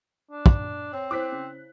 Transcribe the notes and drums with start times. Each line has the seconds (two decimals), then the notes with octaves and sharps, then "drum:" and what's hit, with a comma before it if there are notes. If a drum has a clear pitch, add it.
0.31 D4
0.46 drum: kick
0.93 C4 C#5
1.11 E4 C5 D6 F#6 B6
1.32 C#3